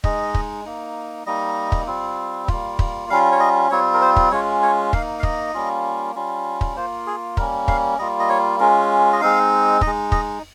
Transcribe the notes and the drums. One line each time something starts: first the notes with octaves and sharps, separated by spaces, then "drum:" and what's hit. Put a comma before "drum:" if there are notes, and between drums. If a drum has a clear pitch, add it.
G#3 D#4 D#5, drum: kick
drum: kick
A#3 D#4
G3 A#3 D#4 D#5
drum: kick
G3 C4 F4
G3 A#3 F4, drum: kick
drum: kick
G3 C#4 F4 F5
C#5
D#5
G3 C4 F4 C#5
A#4
C5
drum: kick
G#3 C#4 F4 C#5
C#5
A#3 D#4 F5, drum: kick
F5
D#5, drum: kick
G3 A#3 C#4 F4
G3 C#4 F4
drum: kick
A#3 F4 C5
G#4
G3 A#3 C#4 A#4, drum: kick
F5, drum: kick
G3 A#3 F4 D#5
D#5
C#5
G#3 C#4 F4 A#4
D#5
G#3 C4 D#4 F5
D#4 D#5, drum: kick
G#3
D#5, drum: kick